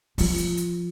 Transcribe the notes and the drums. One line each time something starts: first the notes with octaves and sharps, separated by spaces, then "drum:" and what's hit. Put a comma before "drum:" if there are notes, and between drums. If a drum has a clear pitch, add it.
F3 F4, drum: open hi-hat
drum: hi-hat
drum: hi-hat